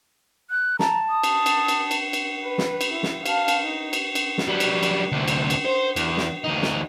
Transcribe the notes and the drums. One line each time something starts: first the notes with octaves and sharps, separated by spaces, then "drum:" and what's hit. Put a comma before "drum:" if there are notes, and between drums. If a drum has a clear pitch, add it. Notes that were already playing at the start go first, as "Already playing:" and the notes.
F#6
A5 A#5, drum: snare
D#6
drum: cymbal
drum: cymbal
drum: cymbal
drum: cymbal
drum: cymbal
B4
drum: snare
drum: cymbal
E4
drum: snare
F5 A5, drum: cymbal
drum: cymbal
D#4
drum: cymbal
drum: cymbal
drum: snare
F#3 G3
drum: cymbal
drum: cymbal
D2 C3
drum: cymbal
drum: cymbal
C5
E2, drum: cymbal
drum: snare
D2 D#4
drum: snare